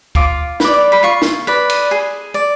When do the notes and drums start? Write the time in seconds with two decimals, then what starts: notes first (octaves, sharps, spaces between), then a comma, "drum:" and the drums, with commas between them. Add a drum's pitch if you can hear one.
0.15 F4 D6, drum: kick
0.60 B4 D5, drum: snare
0.74 D6
0.92 B5
1.03 F4 C#6
1.22 drum: snare
1.47 B4 D5
1.69 drum: cymbal
1.91 G#4
2.34 D5